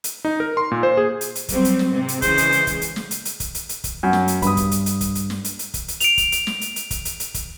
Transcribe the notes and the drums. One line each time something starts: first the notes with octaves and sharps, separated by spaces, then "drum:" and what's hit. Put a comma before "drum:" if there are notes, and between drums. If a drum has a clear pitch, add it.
drum: hi-hat
D#4
A#4
C6
A#2
C5
G#4
drum: hi-hat
drum: hi-hat
F#3 G3 C4, drum: kick, hi-hat
drum: hi-hat
drum: snare
G#2 C3 C4
drum: hi-hat
C#3 E3 G#3 C5, drum: kick, hi-hat
drum: hi-hat
drum: hi-hat
drum: kick, hi-hat
drum: hi-hat
drum: snare
drum: hi-hat
drum: hi-hat
drum: kick, hi-hat
drum: hi-hat
drum: hi-hat
drum: kick, hi-hat
F#2
drum: snare
drum: hi-hat
G2 B5 D#6, drum: hi-hat
drum: kick, hi-hat
drum: hi-hat
drum: hi-hat
drum: kick, hi-hat
drum: hi-hat
drum: snare
drum: hi-hat
drum: hi-hat
drum: kick, hi-hat
drum: hi-hat
D7 F7, drum: hi-hat
drum: kick, hi-hat
drum: hi-hat
drum: snare
drum: hi-hat
drum: hi-hat
drum: kick, hi-hat
drum: hi-hat
drum: hi-hat
drum: kick, hi-hat